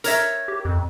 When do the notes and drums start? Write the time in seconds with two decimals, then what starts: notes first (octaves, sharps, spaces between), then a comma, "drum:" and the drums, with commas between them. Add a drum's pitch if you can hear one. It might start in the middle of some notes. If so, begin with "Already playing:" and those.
0.04 A#4 C#5 E5, drum: hi-hat
0.48 G4
0.65 F2